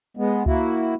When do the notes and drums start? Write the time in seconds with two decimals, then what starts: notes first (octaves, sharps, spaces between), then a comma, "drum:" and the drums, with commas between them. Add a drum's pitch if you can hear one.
0.17 G#3 B3
0.46 A#3 E4 F#4, drum: kick C#2